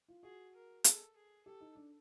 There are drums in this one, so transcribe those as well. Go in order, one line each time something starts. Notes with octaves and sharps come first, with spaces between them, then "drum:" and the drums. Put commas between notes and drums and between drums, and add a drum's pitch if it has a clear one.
F4
F#4 G#4
A#4
G#4 A4, drum: hi-hat
G#4
G4 A4
D#4
D4